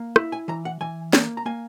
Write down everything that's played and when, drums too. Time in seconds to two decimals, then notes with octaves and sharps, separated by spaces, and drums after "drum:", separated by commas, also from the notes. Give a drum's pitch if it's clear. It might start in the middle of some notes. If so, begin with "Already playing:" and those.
Already playing: A#3
0.16 E4, drum: rim click
0.32 G#5
0.48 E3 A#5
0.65 F#5
0.81 E3 G#5
1.13 A#3, drum: snare
1.37 A#5
1.46 A#3 G#5